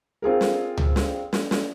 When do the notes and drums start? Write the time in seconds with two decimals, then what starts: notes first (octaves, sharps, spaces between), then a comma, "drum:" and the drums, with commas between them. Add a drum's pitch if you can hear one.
0.22 C4 F4 G#4 A#4
0.41 drum: snare
0.78 drum: tom C#2
0.96 drum: snare
1.33 drum: snare
1.51 drum: snare